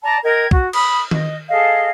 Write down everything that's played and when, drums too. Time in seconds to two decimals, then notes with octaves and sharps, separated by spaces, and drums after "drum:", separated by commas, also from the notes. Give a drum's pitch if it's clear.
0.02 D5 A5 A#5
0.23 A#4 D#5 G5 G#6
0.51 F#4, drum: kick
0.73 B5 D#6, drum: cymbal
1.11 D#5, drum: tom D#3
1.49 G#4 A4 D#5 F5